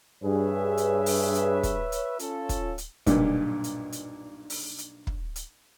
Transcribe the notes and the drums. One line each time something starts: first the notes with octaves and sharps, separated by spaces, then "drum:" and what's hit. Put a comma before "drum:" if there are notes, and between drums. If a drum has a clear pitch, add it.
G2 G#4 B4 C#5 E5
drum: hi-hat
drum: open hi-hat
drum: hi-hat
drum: kick, hi-hat
drum: hi-hat
C#4 F4 A4, drum: hi-hat
drum: kick, hi-hat
drum: hi-hat
B1 G2 A#2 D3, drum: kick, hi-hat
drum: hi-hat
drum: hi-hat
drum: open hi-hat
drum: hi-hat
drum: kick
drum: hi-hat